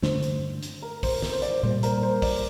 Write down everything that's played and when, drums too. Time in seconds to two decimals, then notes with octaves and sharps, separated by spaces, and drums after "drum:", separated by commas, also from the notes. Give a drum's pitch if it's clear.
0.02 G2 D3 A3 D4 C5, drum: snare
0.23 drum: hi-hat
0.63 drum: hi-hat
0.82 A#4
1.03 C5, drum: kick A#1, open hi-hat
1.22 C5, drum: snare
1.33 C5
1.42 D5, drum: hi-hat
1.63 A#2 G3 A#3 C5
1.83 A#4, drum: hi-hat
2.03 C5
2.22 D5, drum: kick A#1, open hi-hat